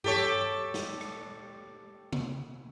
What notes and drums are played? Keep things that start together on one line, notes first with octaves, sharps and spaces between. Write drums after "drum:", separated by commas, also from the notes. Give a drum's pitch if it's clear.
G4 A4 C#5, drum: tom G2
drum: snare
drum: rim click
drum: tom C3